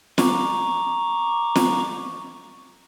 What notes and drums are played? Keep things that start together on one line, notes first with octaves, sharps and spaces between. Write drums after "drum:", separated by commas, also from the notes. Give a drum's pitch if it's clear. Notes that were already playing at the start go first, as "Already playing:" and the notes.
A#5 C#6 D6, drum: snare
drum: snare